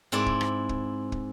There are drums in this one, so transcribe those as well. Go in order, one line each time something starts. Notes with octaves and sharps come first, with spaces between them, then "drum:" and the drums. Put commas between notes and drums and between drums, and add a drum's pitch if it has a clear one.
G#2 C4 E4 D5
drum: kick
drum: rim click
drum: kick
drum: kick